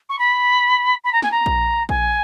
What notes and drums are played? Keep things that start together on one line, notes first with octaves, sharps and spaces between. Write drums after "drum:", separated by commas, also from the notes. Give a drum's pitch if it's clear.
C#6
B5
B5
A#5
G#5, drum: snare
A#5
drum: kick A#1
G#5, drum: kick A#1